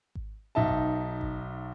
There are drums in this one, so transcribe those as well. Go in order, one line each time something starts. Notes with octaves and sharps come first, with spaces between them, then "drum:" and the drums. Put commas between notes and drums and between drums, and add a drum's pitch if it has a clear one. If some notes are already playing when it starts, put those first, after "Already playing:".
drum: kick G#1
B1 D#4 E5 A5
drum: kick G#1
drum: kick G#1